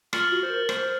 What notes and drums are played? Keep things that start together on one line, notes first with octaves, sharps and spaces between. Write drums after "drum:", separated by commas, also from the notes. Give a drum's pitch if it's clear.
F4 F6 A6 C#7 F#7, drum: rim click
F#4
C5
A#4
C5, drum: rim click